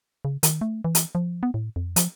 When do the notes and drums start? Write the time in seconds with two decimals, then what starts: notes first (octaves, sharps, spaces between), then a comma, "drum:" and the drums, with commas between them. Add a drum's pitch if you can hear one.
0.25 C#3
0.43 D#3, drum: hi-hat
0.61 A3
0.84 E3
0.95 drum: hi-hat
1.15 F3
1.43 B3
1.54 A2
1.76 F2
1.96 F3, drum: hi-hat